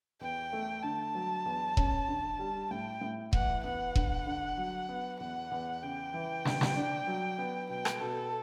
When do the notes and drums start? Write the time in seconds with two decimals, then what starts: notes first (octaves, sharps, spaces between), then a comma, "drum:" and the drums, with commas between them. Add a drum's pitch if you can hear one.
0.21 E2 G5
0.53 A3
0.83 D3 A5
1.15 F#3
1.46 E2
1.77 C#4, drum: kick E1
2.08 D3
2.39 G3
2.71 A2 G5
3.01 A2
3.33 E3 F#5, drum: kick E1
3.64 B3 F#5
3.95 D3, drum: kick E1
4.27 D3
4.58 F#3
4.89 B3
5.20 E2 F#5
5.51 E2
5.83 C#3 G5
6.14 E3
6.45 D3, drum: snare
6.61 drum: snare
6.76 D4
7.07 F#3
7.38 B3
7.70 B2 G5
7.85 drum: rim click
8.01 B2 A4